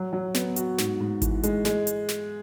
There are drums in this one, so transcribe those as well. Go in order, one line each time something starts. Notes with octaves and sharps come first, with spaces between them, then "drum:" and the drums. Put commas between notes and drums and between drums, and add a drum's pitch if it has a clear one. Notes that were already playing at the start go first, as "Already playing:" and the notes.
Already playing: F#3
F#3
B3, drum: snare
F#4, drum: hi-hat
G#2, drum: snare
G#2
E3, drum: kick G#1, hi-hat
G#3, drum: hi-hat
G#3, drum: snare
drum: hi-hat
drum: snare